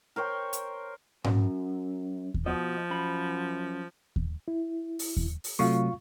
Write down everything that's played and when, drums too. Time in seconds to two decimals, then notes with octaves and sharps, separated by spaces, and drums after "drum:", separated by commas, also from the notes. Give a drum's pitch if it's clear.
0.16 A#4 C5 C#5 G5
0.53 drum: hi-hat
1.24 F#2, drum: tom G#2
2.34 drum: kick D#2
2.46 B2 F3 D#5
2.90 F#2 B5
4.16 drum: kick D#2
4.48 E4
4.99 drum: open hi-hat
5.17 drum: kick D#2
5.44 drum: open hi-hat
5.59 C3 F#3 A3 F4 F5 C#6